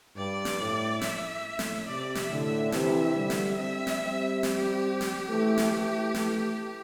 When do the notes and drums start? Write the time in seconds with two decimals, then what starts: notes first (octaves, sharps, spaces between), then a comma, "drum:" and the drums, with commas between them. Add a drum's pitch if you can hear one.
0.16 G2 D5
0.45 drum: snare
0.60 A2
1.01 E5, drum: snare
1.59 A2, drum: snare
1.88 C3 D5
2.15 E5, drum: snare
2.30 A2 D3
2.45 E5
2.72 C3 E3 E5, drum: snare
3.15 D3 G3
3.30 drum: snare
3.58 G3 C4 E5
3.87 drum: snare
4.01 G3 C4
4.43 G4, drum: snare
5.01 drum: snare
5.29 E3 A3
5.58 drum: snare
5.72 E3 A3
6.15 E3 A3, drum: snare